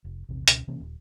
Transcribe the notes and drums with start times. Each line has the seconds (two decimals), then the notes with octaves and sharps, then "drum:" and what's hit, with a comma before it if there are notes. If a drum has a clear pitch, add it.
0.04 F1
0.29 A#1 E2 C3
0.48 C#2 B2 C#4, drum: hi-hat
0.67 C3 E3 A#3 C#4
0.80 D#1